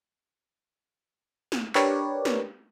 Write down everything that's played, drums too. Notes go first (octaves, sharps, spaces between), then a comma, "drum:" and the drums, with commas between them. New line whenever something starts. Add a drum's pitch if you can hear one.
drum: snare
D4 G4 A#4 B4 C#5 D5, drum: clap
drum: snare